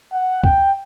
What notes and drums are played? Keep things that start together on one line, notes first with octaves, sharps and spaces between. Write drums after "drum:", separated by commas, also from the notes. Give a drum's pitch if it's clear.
F#5
G5, drum: kick